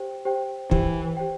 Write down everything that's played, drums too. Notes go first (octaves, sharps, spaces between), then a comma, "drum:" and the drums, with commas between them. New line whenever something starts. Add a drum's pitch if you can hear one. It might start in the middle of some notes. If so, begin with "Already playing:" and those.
Already playing: G4 C5 G5
G4 C5 G5
E3 G4 C5 G5, drum: kick
G4 C5 G5